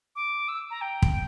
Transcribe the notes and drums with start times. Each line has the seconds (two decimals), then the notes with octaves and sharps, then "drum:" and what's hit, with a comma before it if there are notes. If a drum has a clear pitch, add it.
0.16 D6
0.48 E6
0.70 A#5
0.81 G5
1.02 drum: kick